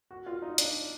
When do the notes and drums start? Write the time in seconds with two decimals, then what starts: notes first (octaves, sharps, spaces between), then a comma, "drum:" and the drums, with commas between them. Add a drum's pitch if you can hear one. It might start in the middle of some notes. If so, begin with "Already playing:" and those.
0.11 F#4
0.26 F4
0.42 D#4
0.58 D4, drum: hi-hat